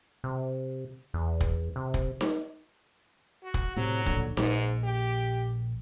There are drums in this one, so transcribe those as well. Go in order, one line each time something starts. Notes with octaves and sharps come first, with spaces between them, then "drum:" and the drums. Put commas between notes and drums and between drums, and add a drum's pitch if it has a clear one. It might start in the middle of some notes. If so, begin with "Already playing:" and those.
C3
E2
drum: kick
C3
drum: kick
drum: snare D#4
F#4
drum: kick
A2 C3 F#3
D1 A#1 D3, drum: kick
A#1 G#2, drum: snare D#4
G4